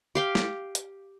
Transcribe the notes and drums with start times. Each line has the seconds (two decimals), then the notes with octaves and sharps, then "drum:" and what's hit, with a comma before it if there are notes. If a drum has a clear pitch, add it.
0.15 G4 F5 G5
0.35 drum: snare
0.75 drum: hi-hat